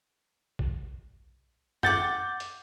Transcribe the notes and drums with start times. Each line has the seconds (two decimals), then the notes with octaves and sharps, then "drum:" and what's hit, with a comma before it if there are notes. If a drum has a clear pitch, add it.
0.59 drum: kick A#1
1.83 F#5 D6 G6 A6, drum: tom
2.40 drum: hi-hat